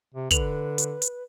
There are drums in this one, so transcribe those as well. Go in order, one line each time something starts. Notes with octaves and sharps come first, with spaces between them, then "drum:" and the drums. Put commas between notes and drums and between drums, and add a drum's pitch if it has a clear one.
C3
D3 B4 F7 F#7, drum: kick, hi-hat
drum: hi-hat
drum: hi-hat